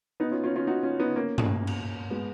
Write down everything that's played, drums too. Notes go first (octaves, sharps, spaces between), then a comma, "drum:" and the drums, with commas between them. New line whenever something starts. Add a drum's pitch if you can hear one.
B3 D#4
C#4 F4
C#4 F4
C#4 F4
D#4 F#4
C#4 F4
B3 D#4
A#3 C#4
drum: tom G2
drum: cymbal
G#3 B3